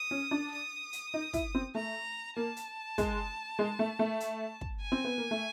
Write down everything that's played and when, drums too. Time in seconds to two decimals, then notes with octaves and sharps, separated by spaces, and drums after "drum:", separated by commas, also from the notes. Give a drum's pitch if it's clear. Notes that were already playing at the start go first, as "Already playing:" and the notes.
Already playing: D#6
0.11 C#4
0.31 D4
0.52 D#6
0.93 drum: hi-hat
1.14 D#4
1.33 E4, drum: kick, hi-hat
1.55 C4
1.75 A3 A#5
2.36 A#3 A5
2.56 drum: hi-hat
2.98 G#3, drum: kick, hi-hat
3.59 G#3
3.79 A3
3.99 A3
4.20 drum: hi-hat
4.61 drum: kick
4.81 G#5
4.92 C4
5.04 B3
5.18 A#3
5.31 A3